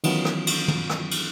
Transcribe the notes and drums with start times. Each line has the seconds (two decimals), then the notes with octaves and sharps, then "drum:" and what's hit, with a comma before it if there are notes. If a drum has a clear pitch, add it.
0.04 D#3 E3 F#3 B3 C#4 F4, drum: cymbal
0.25 drum: rim click
0.47 drum: cymbal
0.68 drum: tom
0.90 drum: rim click
1.11 drum: cymbal